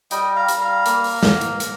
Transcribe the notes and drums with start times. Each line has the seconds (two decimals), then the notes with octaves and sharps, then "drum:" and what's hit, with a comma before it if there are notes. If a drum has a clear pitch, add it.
0.11 G3 D#5 G5, drum: hi-hat
0.36 F5 A#5
0.48 G3, drum: hi-hat
0.61 F5 A#5
0.86 A#3, drum: hi-hat
1.04 drum: open hi-hat
1.23 A#3, drum: snare
1.41 drum: hi-hat
1.60 A#3, drum: hi-hat